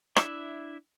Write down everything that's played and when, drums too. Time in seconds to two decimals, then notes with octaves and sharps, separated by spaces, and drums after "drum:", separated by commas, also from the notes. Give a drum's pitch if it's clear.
0.16 D4 E4 E5, drum: rim click